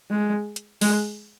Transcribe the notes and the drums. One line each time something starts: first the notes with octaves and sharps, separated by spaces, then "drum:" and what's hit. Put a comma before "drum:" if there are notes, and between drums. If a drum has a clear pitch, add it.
G#3
drum: hi-hat
G#3, drum: open hi-hat